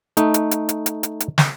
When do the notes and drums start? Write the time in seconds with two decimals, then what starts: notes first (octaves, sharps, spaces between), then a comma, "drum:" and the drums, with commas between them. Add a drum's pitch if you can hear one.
0.17 A3 D#4, drum: hi-hat
0.34 drum: hi-hat
0.51 drum: hi-hat
0.69 drum: hi-hat
0.86 drum: hi-hat
1.03 drum: hi-hat
1.20 drum: hi-hat
1.38 drum: snare